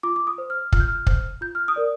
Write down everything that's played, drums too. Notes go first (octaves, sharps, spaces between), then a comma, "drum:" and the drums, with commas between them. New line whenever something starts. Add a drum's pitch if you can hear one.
F4 D6
D6
D#6
C5
F6
F4 F6, drum: kick
G6
F6
C5, drum: kick
F4 G6
F6
D#6
A#4 D5